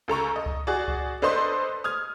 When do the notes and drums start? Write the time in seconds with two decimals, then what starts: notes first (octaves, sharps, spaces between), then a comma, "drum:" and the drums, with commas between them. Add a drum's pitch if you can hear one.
0.08 C#2 A4 A#5 C#6
0.36 D#5
0.46 drum: kick C#2
0.67 F#4 G#4 D5
0.88 drum: kick C#2
1.22 D4 A4 B4 C5 D#5 C6
1.84 D#6 F6 G#6